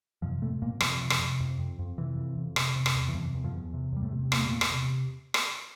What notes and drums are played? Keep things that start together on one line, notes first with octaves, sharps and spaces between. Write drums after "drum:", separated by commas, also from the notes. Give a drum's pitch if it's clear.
F2 C3 F3
F2 A2 A3
F2 A#2 A#3
F2 C3 F3, drum: rim click
C3
drum: rim click
C3
F2
F2
F2
C3 E3
F2
F2
C3, drum: rim click
C3
drum: rim click
E2
E3
F2 C3 F3
E2
F2 F3
E2
C3
E2 G3
A2 A3
C3
E2 A#3, drum: rim click
A3
E2 A#2 A#3
drum: rim click
C3
drum: rim click